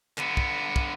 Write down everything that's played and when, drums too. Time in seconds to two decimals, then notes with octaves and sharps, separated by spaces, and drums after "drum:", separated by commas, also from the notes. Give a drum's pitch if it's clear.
0.18 D3 B3, drum: clap
0.37 drum: kick
0.76 drum: kick